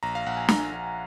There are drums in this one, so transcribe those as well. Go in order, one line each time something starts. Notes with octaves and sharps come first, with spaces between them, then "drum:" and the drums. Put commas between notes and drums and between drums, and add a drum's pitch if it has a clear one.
A#1 A#5
F5
A#1 F#5
G#5
A#1 A#5, drum: snare
A#1